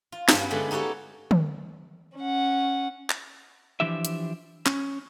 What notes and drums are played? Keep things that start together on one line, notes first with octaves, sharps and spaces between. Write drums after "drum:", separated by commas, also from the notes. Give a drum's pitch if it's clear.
F4
G2 G3 B3 C#4, drum: snare
D3 G#3 A3 B3
D#4 F#4 G4 A4 C#5
drum: tom
C#4 F#5
drum: clap
E3 F3 D4 G4 E5
drum: hi-hat
C#4, drum: clap